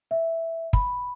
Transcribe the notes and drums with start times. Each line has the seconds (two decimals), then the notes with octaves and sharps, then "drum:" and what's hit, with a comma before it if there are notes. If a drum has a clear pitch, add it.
0.11 E5
0.73 B5, drum: kick